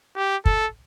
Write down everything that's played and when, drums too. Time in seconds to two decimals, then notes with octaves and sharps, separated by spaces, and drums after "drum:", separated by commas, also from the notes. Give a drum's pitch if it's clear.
0.15 G4
0.46 A4, drum: kick